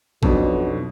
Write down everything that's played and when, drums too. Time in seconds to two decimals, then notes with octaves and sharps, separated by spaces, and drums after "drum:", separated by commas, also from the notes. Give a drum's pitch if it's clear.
0.23 B1 F2 B2 D4, drum: kick